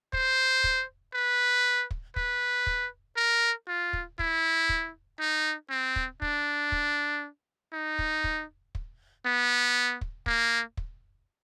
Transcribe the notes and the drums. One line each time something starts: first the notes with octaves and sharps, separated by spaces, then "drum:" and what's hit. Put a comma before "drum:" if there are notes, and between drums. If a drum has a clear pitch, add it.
C5, drum: kick
drum: kick
B4
drum: kick
B4, drum: kick
drum: kick
A#4
F4
drum: kick
E4, drum: kick
drum: kick
D#4
C4
drum: kick
D4, drum: kick
drum: kick
D#4
drum: kick
drum: kick
drum: kick
B3
drum: kick
A#3, drum: kick
drum: kick